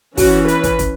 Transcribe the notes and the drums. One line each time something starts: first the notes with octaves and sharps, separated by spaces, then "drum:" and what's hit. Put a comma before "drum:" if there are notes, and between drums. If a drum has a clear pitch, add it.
E3 C#4 F#4, drum: kick, open hi-hat
B4, drum: hi-hat
drum: kick, hi-hat
drum: kick, hi-hat